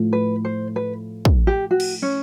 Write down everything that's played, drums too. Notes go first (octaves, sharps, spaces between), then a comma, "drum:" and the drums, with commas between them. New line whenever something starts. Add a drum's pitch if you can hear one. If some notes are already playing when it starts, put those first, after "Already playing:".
Already playing: A2 F3 A3
B4
C5
B4
drum: kick
G4
F#4
drum: cymbal
C#4